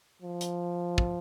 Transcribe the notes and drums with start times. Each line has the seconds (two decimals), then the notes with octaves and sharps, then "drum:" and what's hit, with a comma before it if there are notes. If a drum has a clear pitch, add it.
0.22 F3
0.41 drum: hi-hat
0.98 drum: kick